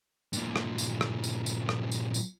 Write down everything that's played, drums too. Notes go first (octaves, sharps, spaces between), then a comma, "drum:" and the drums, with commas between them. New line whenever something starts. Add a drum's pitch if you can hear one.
G2 A#2, drum: tambourine
drum: rim click
drum: tambourine
drum: rim click
drum: tambourine
drum: tambourine
drum: rim click
drum: tambourine
drum: tambourine